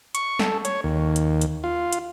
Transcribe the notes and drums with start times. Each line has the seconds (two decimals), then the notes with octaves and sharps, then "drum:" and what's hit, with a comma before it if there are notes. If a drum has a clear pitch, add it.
0.15 C#6, drum: hi-hat
0.39 A4, drum: snare
0.65 C#5, drum: hi-hat
0.84 D#2
1.16 drum: hi-hat
1.41 drum: hi-hat
1.64 F4
1.93 drum: hi-hat